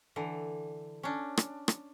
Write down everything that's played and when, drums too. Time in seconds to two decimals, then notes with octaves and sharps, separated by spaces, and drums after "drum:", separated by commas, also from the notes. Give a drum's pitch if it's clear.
0.16 D3 E3
1.03 C#4 D4
1.37 drum: rim click
1.68 drum: rim click